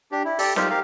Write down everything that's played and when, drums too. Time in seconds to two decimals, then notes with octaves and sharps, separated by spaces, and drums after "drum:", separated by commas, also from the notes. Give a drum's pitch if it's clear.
0.12 D4 G4
0.25 E4
0.39 G4 A4 D5, drum: open hi-hat
0.56 D#4 F4 G4 A#4 C5, drum: snare
0.70 G4 A#4 F5